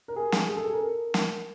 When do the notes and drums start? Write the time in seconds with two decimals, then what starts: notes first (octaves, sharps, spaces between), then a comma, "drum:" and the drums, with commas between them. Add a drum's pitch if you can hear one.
0.08 A#4
0.16 G#4
0.32 drum: snare
0.49 G#4
0.57 A4
0.65 G#4
0.73 A#4
1.14 drum: snare